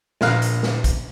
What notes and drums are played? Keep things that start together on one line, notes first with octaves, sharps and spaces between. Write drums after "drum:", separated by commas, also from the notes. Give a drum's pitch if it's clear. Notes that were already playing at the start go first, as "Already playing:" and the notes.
A#1 A#4 F5 F#6, drum: snare
drum: hi-hat
drum: snare
drum: kick, hi-hat